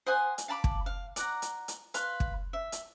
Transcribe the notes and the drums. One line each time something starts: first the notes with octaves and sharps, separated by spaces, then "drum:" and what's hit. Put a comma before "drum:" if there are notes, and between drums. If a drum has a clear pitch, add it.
C5 D#5 F#5 G#5
drum: hi-hat
F5 A5 B5 D6
drum: kick
F5
D5 F#5 A#5, drum: hi-hat
drum: hi-hat
drum: hi-hat
B4 F5 C6, drum: hi-hat
drum: kick
E5
drum: hi-hat